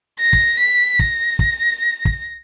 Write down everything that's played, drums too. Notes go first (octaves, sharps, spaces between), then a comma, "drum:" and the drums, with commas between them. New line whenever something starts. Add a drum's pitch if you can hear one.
A#6
drum: kick
B6
A#6, drum: kick
drum: kick
drum: kick